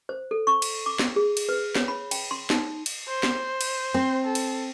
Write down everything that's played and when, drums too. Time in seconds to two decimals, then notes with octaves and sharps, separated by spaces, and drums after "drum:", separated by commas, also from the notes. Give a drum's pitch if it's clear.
0.09 C5
0.31 A4
0.47 C#6
0.62 drum: cymbal
0.86 D6
0.99 drum: snare
1.16 G#4
1.37 drum: cymbal
1.49 B4
1.76 C#5, drum: snare
1.88 B5
2.11 G5, drum: cymbal
2.31 C6
2.50 D#4, drum: snare
2.86 drum: cymbal
3.08 C5
3.23 drum: snare
3.61 drum: cymbal
3.94 C4
4.25 A4
4.35 drum: cymbal